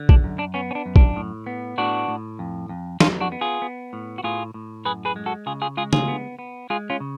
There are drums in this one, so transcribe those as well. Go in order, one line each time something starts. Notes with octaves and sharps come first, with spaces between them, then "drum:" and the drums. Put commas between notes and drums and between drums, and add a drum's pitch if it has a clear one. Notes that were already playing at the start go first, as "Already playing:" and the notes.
Already playing: D3
D4, drum: kick A#1
F#2
D4
B3 C#4
C#4
D4
F#2
D4, drum: kick A#1
A2
B3
A2 D4 F#4
A2
F2
F2
F2 C#4 F4, drum: snare
D4 F#4
B3
F4 G#4
B3
A2
F#4
A2 F4 G#4
A2
F#2 G#4 B4
G#4 B4
G#3
F#4 A4
C#3 F4 G#4
F4 G#4
G#3 F4 G#4
F4 G#4, drum: tom
B3
B3
G#3 F4 G#4
C#4 F4
C#3